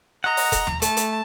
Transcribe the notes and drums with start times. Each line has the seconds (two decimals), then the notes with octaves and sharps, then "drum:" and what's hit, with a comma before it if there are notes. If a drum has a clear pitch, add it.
0.24 D#5 F#5 A#5
0.37 drum: open hi-hat
0.52 drum: kick E1, hi-hat
0.67 drum: tom D#2
0.82 A3 A5, drum: hi-hat
0.97 drum: hi-hat